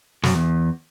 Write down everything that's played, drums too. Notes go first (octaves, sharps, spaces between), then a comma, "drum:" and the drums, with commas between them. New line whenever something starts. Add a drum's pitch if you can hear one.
F#2, drum: snare
E2